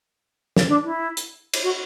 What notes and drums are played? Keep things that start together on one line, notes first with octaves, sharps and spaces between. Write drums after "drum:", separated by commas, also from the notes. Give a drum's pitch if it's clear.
drum: snare
D4
E4
drum: hi-hat
drum: cymbal
F#4